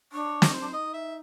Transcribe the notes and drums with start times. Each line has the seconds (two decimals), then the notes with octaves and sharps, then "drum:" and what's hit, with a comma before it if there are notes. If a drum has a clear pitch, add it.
0.12 D4 C#5
0.42 drum: snare
0.53 D#4 C5
0.61 D4
0.69 D#4 D#5
0.94 E5